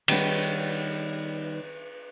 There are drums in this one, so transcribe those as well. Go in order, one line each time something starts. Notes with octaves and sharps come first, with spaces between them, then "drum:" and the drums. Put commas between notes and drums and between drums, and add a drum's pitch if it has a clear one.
D#3 G3 B3 C#5, drum: cymbal